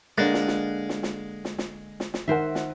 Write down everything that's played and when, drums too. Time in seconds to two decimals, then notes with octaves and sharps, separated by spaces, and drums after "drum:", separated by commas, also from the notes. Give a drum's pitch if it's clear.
0.18 D3 G#3 A#3 F#6 A6 A#6
0.34 drum: snare
0.48 drum: snare
0.89 drum: snare
1.03 drum: snare
1.45 drum: snare
1.58 drum: snare
2.00 drum: snare
2.14 drum: snare
2.28 D#3 A#4 C5 E5 F#5
2.55 drum: snare